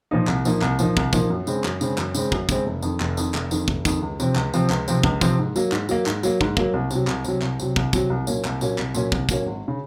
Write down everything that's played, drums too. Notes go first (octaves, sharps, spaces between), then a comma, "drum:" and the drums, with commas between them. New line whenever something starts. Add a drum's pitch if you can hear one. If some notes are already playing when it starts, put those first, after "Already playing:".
A#2 F3 A#3 D#4
C2, drum: clap
A#2 F3 A#3 D#4, drum: tambourine
C2, drum: clap
A#2 F3 A#3 D#4, drum: tambourine
C2, drum: kick
A#2 F3 A#3 D#4, drum: kick, tambourine
F#2
C#3 G#3 C4, drum: tambourine
F#2, drum: clap
C#3 G#3 C4, drum: tambourine
F#2, drum: clap
C#3 G#3 C4, drum: tambourine
F#2, drum: kick
C#3 G#3 C4, drum: kick, tambourine
F1
F2 D#3, drum: tambourine
F1, drum: clap
F2 D#3, drum: tambourine
F1, drum: clap
F2 D#3, drum: tambourine
F1, drum: kick
F2 D#3, drum: kick, tambourine
C#2
C3 F3 C4, drum: tambourine
C#2, drum: clap
C3 F3 C4, drum: tambourine
C#2, drum: clap
C3 F3 C4, drum: tambourine
C#2, drum: kick
C3 F3 C4, drum: kick, tambourine
G#2
F#3 A#3, drum: tambourine
G#2, drum: clap
F#3 A#3, drum: tambourine
G#2, drum: clap
F#3 A#3, drum: tambourine
G#2, drum: kick
F#3 A#3, drum: kick
C2
C3 F#3, drum: tambourine
C2, drum: clap
C3 F#3, drum: tambourine
C2, drum: clap
C3 F#3, drum: tambourine
C2, drum: kick
C3 F#3, drum: kick, tambourine
C2
A#2 F#3 A#3 C#4, drum: tambourine
C2, drum: clap
A#2 F#3 A#3 C#4, drum: tambourine
C2, drum: clap
A#2 F#3 A#3 C#4, drum: tambourine
C2, drum: kick
A#2 F#3 A#3 C#4, drum: kick, tambourine
G#1
C#3